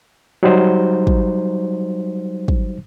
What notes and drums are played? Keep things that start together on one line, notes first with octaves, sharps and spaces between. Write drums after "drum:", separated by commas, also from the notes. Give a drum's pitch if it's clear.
F#3 G3 D#4 C5
drum: kick
drum: kick